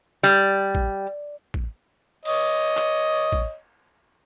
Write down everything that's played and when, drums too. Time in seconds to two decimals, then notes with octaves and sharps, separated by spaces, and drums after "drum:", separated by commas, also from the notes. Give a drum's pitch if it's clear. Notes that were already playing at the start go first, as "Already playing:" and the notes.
0.23 G3
0.75 drum: kick
1.54 drum: kick
2.25 C#5 D#5, drum: cymbal
2.77 drum: clap
3.32 drum: kick